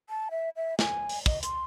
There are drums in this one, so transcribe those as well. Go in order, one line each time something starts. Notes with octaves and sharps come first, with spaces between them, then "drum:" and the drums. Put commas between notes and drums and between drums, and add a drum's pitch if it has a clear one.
A5
E5
E5
G#5, drum: snare
drum: open hi-hat
D#5, drum: kick
C6, drum: hi-hat